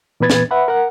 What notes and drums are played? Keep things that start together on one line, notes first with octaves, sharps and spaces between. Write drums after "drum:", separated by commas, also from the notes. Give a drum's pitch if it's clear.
A#2 E3 B3 B4 G#6 A6
drum: snare
B4 E5 F#5 B5
A#4 F#5